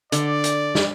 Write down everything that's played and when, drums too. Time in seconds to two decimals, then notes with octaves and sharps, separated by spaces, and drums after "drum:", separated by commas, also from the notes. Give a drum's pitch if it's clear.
0.12 D3 D5, drum: hi-hat
0.44 drum: hi-hat
0.75 drum: snare